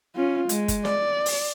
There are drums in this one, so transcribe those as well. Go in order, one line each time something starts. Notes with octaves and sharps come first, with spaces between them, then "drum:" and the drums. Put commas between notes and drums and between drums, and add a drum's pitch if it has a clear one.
C#4 F4
G#3, drum: hi-hat
drum: kick F#1, hi-hat
D5, drum: snare
drum: open hi-hat